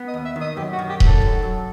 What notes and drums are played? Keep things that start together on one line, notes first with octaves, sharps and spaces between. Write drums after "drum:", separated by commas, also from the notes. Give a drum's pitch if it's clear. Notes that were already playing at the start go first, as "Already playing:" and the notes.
Already playing: B3
D#5
D#2
E5
D#3
D#5
F#2 G4
F#4
D#3
G4
F#3 A4, drum: kick D#1
F#2
F#2